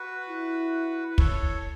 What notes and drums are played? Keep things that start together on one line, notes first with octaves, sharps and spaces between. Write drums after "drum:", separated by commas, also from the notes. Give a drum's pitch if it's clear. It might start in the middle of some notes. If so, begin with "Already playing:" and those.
Already playing: F#4 B4
E4
B4
A4 C#5, drum: kick